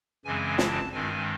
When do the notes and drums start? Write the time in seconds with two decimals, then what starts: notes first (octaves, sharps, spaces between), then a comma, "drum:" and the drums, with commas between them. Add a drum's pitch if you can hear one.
0.25 F#2 C#3 E3 G#3 C4 G#5
0.58 A5, drum: snare
0.92 G2 D#3 G#3 C4 G#5